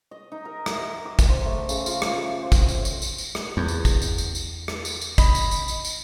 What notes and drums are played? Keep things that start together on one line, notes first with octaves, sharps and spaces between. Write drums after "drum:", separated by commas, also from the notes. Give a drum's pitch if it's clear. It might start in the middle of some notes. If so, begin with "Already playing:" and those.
D#5
D#4
A#4
E5, drum: rim click
D#5
D6
drum: kick, tambourine
C5
A3
C#3, drum: tambourine
F4, drum: tambourine
drum: rim click
E5
C5
drum: kick, tambourine
drum: tambourine
drum: tambourine
drum: tambourine
drum: tambourine
drum: rim click
E2
drum: tambourine
drum: kick, tambourine
drum: tambourine
drum: tambourine
drum: tambourine
drum: rim click
drum: tambourine
drum: tambourine
D#5 B5, drum: kick, tambourine
drum: tambourine
drum: tambourine
drum: tambourine
drum: tambourine